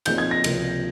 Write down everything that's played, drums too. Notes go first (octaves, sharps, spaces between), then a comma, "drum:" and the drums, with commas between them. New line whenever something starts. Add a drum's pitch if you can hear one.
A#2 F3 C4 D#4 G#4 G6, drum: cymbal
G#6
A#6
C#2 C3 F3 A#3, drum: cymbal